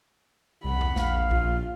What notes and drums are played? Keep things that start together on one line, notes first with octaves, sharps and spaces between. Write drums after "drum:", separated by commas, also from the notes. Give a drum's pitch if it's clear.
C2 F#5 B5
drum: tom E2
A#1 F5, drum: snare
F4, drum: kick